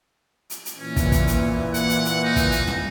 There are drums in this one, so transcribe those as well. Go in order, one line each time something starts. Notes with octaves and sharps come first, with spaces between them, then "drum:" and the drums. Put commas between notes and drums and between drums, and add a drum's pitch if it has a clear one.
drum: hi-hat
drum: hi-hat
A#2 E3 C#4
drum: kick, hi-hat
drum: kick, hi-hat
drum: hi-hat
F#5, drum: hi-hat
drum: hi-hat
drum: hi-hat
D#4
drum: kick, hi-hat
drum: hi-hat
drum: tom